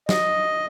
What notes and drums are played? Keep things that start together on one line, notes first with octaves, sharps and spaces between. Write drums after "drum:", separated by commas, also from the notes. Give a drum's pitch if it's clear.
D#5, drum: snare